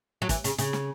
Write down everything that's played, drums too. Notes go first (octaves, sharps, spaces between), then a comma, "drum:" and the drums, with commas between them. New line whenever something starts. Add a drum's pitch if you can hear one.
F#3
E3, drum: kick, hi-hat
C#3, drum: hi-hat
C#3, drum: hi-hat
drum: snare